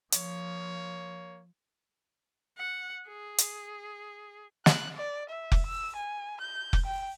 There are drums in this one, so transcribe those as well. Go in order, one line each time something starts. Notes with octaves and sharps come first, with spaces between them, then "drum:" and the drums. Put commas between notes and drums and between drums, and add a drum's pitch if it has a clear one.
F3 A#3 C#5, drum: hi-hat
F#5
G#4
drum: hi-hat
F#6, drum: snare
D5
E5
drum: kick F1
E6
G#5
G6
drum: kick F1
G5